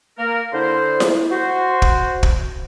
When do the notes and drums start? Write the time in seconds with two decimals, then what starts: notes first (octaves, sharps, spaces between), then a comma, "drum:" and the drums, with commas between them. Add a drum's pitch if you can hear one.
0.19 A#3 A#4
0.53 D3 E4 C5
1.00 drum: snare E4
1.31 F#4 C5
1.82 drum: kick
2.23 drum: kick